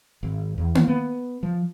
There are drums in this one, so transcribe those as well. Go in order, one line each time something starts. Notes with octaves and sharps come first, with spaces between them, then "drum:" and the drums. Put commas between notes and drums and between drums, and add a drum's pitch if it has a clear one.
G#1
E2
E3, drum: tom A#3
B3
F3